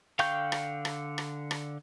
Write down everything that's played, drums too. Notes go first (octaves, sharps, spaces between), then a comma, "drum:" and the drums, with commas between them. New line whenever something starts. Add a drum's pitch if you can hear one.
D3 F5 G5 C#6 G6, drum: rim click
drum: rim click
drum: rim click
drum: rim click
drum: rim click